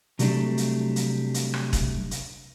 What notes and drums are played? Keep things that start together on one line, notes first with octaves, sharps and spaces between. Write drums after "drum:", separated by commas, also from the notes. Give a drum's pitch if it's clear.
C3 F#3 G3 A3 D4, drum: hi-hat
drum: hi-hat
drum: hi-hat
drum: hi-hat
drum: rim click
drum: kick E1, hi-hat
drum: hi-hat